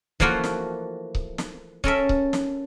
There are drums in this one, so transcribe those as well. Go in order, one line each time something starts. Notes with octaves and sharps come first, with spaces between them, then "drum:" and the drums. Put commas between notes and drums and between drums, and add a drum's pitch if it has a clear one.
E3 F3 A3 A#3 F4 F#4, drum: kick C#1
drum: snare
drum: kick C#1
drum: snare
C#4 A4 A#4 E5, drum: kick C#1
drum: kick C#1
drum: snare